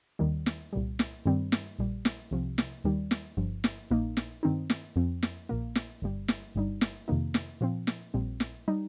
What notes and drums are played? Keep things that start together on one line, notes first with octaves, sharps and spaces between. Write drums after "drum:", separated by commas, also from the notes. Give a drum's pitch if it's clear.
D#2 D#3 G3
drum: snare
C2 A#2 G3
drum: snare
G2 D#3 G3 C4
drum: snare
A#1 A#2 G3
drum: snare
C2 C3 F3
drum: snare
D#2 D#3 G3
drum: snare
G1 G2 F3
drum: snare
A#1 A#2 A#3 D#4
drum: snare
G2 D#3 C4 D#4
drum: snare
F2 F3 C4
drum: snare
A#1 A#2 A#3
drum: snare
G1 G2 G3
drum: snare
G1 G2 G3 D#4
drum: snare
F2 C3 D#3 A#3 D#4
drum: snare
A#2 F3 C4
drum: snare
A#1 A#2 G3 C4
drum: snare
G3 D#4